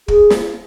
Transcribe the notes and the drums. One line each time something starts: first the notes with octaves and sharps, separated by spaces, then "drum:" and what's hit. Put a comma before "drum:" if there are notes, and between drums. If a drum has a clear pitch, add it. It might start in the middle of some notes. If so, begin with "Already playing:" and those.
G#4, drum: kick
drum: snare